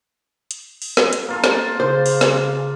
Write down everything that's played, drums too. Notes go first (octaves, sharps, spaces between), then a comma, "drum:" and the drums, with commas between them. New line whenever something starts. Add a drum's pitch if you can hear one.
drum: hi-hat
drum: open hi-hat
drum: snare
drum: hi-hat
A#3 F4 A4
drum: snare
C#3 C5
drum: open hi-hat
drum: snare